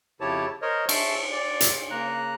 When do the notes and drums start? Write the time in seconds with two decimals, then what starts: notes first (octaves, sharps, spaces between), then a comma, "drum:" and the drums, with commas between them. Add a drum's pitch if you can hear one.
0.21 F2 C#3 E4 G4 C#5 A5
0.62 A#4 C5 C#5 D#5
0.89 E5 A5 C6 C#6 E6, drum: cymbal
1.32 D5
1.61 drum: hi-hat
1.91 C#3 A#3 A#5 F#6